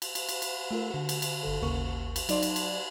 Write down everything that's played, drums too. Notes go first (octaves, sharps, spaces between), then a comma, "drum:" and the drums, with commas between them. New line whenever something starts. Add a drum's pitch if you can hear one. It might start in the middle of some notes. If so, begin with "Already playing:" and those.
drum: cymbal
drum: cymbal
drum: cymbal
drum: cymbal
A3 F4 A#4
D3 F#4
drum: cymbal
drum: cymbal
G1 D3 A4
G#1 D#2 C#3 A#3 A#4 C#6
drum: cymbal
F#3 D#4 D5 A5 C6, drum: cymbal
drum: cymbal
drum: cymbal